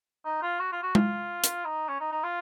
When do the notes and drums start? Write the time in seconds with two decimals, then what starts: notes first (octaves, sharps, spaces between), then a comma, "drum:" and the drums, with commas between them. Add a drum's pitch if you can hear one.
0.25 D#4
0.42 F4
0.60 F#4
0.72 F4
0.83 F#4
0.95 F4, drum: tom G#3
1.44 drum: hi-hat
1.65 D#4
1.89 C#4
2.00 D#4
2.12 D#4
2.24 F4